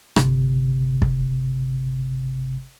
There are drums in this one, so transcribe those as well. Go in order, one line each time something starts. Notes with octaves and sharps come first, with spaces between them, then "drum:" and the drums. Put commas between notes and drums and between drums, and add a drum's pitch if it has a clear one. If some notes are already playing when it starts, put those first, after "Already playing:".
G1 C3, drum: rim click
drum: kick